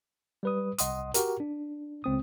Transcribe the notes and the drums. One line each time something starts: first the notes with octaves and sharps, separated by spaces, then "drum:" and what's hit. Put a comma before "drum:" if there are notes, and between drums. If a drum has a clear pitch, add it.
G3 B4 D#6
C2 D#5 F#5 C6 D#6, drum: hi-hat
F#4 G4 A#4, drum: hi-hat
D4
C#2 C4 D#6